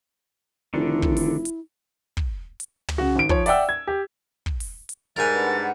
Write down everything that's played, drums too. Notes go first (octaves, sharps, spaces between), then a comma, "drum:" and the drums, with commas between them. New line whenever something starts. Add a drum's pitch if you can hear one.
F1 D3 D#3 D4 E4
drum: kick
drum: open hi-hat
drum: hi-hat
drum: kick
drum: hi-hat
drum: tom
C#3 F#4
G#1 D7
F3 C5 C#5, drum: kick
D5 E5 F#5 G5 E6, drum: open hi-hat
G#6
G4
drum: kick
drum: open hi-hat
drum: hi-hat
G#2 G3 A#4 E5 G#5 A6
D4 B4 F#5